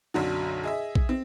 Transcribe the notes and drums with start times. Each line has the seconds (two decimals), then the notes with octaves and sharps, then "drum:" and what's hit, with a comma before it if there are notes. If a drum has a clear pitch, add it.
0.14 B1 F#2 D3 F#3
0.63 G#4 D#5 E5
0.95 drum: kick A#1
1.09 C4